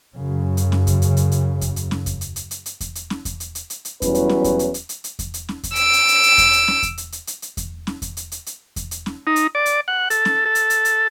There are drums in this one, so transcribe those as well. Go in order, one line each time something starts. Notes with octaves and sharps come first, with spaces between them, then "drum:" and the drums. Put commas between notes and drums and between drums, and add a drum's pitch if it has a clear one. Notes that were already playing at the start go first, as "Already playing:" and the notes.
F#2 C#3
drum: hi-hat
drum: snare
drum: kick E2, hi-hat
drum: hi-hat
drum: hi-hat
drum: hi-hat
drum: kick E2, hi-hat
drum: hi-hat
drum: snare
drum: kick E2, hi-hat
drum: hi-hat
drum: hi-hat
drum: hi-hat
drum: hi-hat
drum: kick E2, hi-hat
drum: hi-hat
drum: snare
drum: kick E2, hi-hat
drum: hi-hat
drum: hi-hat
drum: hi-hat
drum: hi-hat
E2 F#3 G3 C#4 E4 B4, drum: kick E2, hi-hat
drum: hi-hat
drum: snare
drum: kick E2, hi-hat
drum: hi-hat
drum: hi-hat
drum: hi-hat
drum: hi-hat
drum: kick E2, hi-hat
drum: hi-hat
drum: snare
drum: kick E2, hi-hat
E6 D7, drum: hi-hat
drum: hi-hat
drum: hi-hat
drum: hi-hat
drum: kick E2, hi-hat
drum: hi-hat
drum: snare
drum: kick E2, hi-hat
drum: hi-hat
drum: hi-hat
drum: hi-hat
drum: hi-hat
drum: kick E2, hi-hat
drum: snare
drum: kick E2, hi-hat
drum: hi-hat
drum: hi-hat
drum: hi-hat
drum: kick E2, hi-hat
drum: hi-hat
drum: snare
D#4
drum: hi-hat
D5
drum: hi-hat
F#5
A4, drum: hi-hat
drum: snare
A4
drum: hi-hat
drum: hi-hat
drum: hi-hat